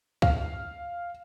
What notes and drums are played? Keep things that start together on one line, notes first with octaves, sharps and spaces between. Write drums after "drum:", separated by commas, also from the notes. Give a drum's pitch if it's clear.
F5, drum: kick